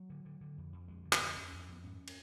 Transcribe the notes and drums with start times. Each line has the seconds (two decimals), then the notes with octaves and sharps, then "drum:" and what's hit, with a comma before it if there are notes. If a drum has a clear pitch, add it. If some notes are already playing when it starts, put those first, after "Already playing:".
Already playing: F#3
0.10 D3
0.25 D3
0.41 D3
0.58 F2
0.72 F2
0.88 F2 G#3
1.05 D3
1.13 B3, drum: clap
1.21 F2
1.36 F2 C#4
1.48 C#4
1.53 F2
1.60 C#4
1.68 F2 B3
1.84 G#2 C#4
2.08 drum: cymbal